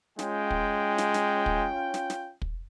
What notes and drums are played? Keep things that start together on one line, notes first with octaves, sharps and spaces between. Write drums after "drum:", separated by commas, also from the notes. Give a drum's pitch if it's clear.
G#3 C#4 F4 G5, drum: snare
drum: kick
drum: snare
drum: snare
drum: kick
drum: snare
drum: snare
drum: kick